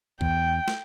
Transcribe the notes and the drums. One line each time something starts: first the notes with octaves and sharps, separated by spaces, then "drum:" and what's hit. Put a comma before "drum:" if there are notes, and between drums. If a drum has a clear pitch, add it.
E2 G5, drum: kick
drum: snare